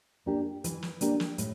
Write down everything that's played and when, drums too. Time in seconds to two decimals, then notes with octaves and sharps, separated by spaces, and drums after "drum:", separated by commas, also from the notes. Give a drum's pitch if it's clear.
0.26 A#3 D4 G4
0.64 E3, drum: hi-hat
0.83 drum: snare
1.01 A#3 D4 G4, drum: hi-hat
1.20 drum: snare
1.38 A2, drum: hi-hat